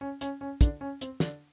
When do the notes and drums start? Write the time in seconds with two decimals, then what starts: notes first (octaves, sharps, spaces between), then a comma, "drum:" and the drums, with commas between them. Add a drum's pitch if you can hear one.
0.01 C#4
0.21 C#4, drum: hi-hat
0.41 C#4
0.61 D3 D4, drum: kick, hi-hat
0.81 C#4
1.01 C4, drum: hi-hat
1.20 D3 D4, drum: snare